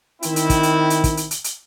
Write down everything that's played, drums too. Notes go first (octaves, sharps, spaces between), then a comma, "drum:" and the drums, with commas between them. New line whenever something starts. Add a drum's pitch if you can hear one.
D#3 C4 E4, drum: hi-hat
drum: hi-hat
drum: kick, hi-hat
drum: hi-hat
drum: hi-hat
drum: kick, hi-hat
drum: hi-hat
drum: hi-hat
drum: hi-hat